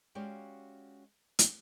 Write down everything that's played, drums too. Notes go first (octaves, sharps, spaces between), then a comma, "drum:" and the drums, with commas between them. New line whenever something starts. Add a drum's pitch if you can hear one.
G#3 C#4 F#4 G4 D5 F5
drum: hi-hat